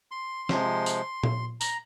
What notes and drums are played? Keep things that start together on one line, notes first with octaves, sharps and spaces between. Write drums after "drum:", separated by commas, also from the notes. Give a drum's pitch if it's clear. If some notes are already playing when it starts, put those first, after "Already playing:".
C6
C3 F3 G#3, drum: snare
drum: tambourine
drum: tom A#2
A#5, drum: tambourine